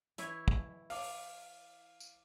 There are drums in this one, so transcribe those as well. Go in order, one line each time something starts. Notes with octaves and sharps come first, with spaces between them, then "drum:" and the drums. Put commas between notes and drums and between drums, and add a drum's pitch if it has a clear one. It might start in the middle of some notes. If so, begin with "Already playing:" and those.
E3 E4 C#5, drum: hi-hat
drum: kick
F5 D6, drum: open hi-hat
drum: tambourine